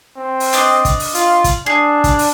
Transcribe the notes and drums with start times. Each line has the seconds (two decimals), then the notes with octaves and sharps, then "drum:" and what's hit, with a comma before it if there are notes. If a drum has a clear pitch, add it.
0.17 C4
0.40 drum: open hi-hat
0.53 D4 D5 D#5, drum: hi-hat
0.85 drum: kick, hi-hat
1.00 drum: open hi-hat
1.15 F4, drum: hi-hat
1.44 drum: kick, hi-hat
1.66 D4 G#4
2.04 drum: kick, hi-hat
2.19 drum: open hi-hat